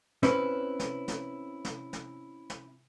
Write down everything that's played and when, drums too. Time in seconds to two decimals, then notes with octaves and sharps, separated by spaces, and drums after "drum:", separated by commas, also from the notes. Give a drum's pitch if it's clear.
0.23 C4 C#4 E4 B4, drum: snare
0.79 drum: snare
1.08 drum: snare
1.65 drum: snare
1.93 drum: snare
2.50 drum: snare